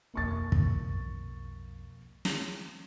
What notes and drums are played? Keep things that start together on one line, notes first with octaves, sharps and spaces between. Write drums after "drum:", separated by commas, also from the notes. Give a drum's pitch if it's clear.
B1 F2 A#3 C#6 A6
drum: kick
drum: snare